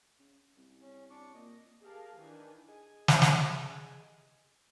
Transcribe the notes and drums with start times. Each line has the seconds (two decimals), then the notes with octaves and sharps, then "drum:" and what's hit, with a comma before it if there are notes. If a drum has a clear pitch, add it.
0.19 C#3
0.57 C2
0.82 C#4
1.10 D4 C#6 D6
1.34 A#2 D#5
1.82 G4 G#4 A#4 F5 A5
2.17 D#3 E3 D4 G#5
2.68 G#4 D#5 G#5
3.08 drum: snare
3.22 drum: snare